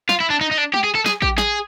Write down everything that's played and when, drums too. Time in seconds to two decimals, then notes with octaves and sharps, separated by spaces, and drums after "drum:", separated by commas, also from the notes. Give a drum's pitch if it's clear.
0.09 F4, drum: snare
0.20 E4
0.30 D4
0.41 D#4
0.51 D#4
0.58 D4
0.74 G4, drum: tom G3
0.84 G#4
0.95 A4
1.06 G#4, drum: snare
1.22 G4, drum: kick
1.38 G#4, drum: snare